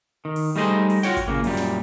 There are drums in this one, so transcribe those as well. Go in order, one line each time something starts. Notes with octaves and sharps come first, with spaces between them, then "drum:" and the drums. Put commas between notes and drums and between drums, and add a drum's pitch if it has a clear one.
D#3
drum: open hi-hat
G3 A3 D#4 G#4 C5
drum: open hi-hat
F4 F#4 C#5 G5, drum: snare
drum: kick G#1, hi-hat
A#2 C#3 A#3
F#2 A#2 G3, drum: open hi-hat
drum: snare